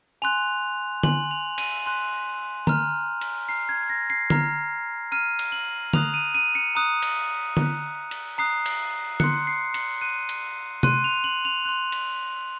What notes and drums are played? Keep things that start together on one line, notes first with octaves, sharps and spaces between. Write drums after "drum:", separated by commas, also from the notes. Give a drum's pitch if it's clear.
G#5 C6 F#6 F7
G#5 C6 F#6 F#7, drum: tom D3
F7
D#7, drum: cymbal
G#5 C6 F#6
A#5 F6, drum: tom D3
drum: cymbal
A#5 F6 C7
G#6
A#6
C7
A#5 F6, drum: tom D3
A#5 F6 D#7
drum: cymbal
F#7
A#5 D#6 F#6 F7, drum: tom D3
D#7
D#7
C#7
A#5 D#6 F#6
drum: cymbal
A#5 D#6 F#6, drum: tom D3
drum: cymbal
A#5 D#6 F#6 C7
drum: cymbal
C6 F#6 C#7, drum: tom D3
C7
C#7, drum: cymbal
C6 F#6 D#7
drum: cymbal
C6 F#6 D#7, drum: tom C3
F7
F#7
F7
C6 F#6 F7
drum: cymbal